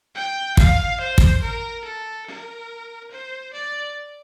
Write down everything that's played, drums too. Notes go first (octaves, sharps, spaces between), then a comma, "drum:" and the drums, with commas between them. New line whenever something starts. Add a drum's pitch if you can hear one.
G5
F5, drum: kick
C5
drum: kick
A#4
A4
A#4
C5
D5